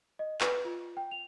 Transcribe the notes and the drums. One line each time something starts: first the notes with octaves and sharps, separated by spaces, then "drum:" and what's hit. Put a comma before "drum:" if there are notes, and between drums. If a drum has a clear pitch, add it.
D#5
B4, drum: clap
F4
G5
F7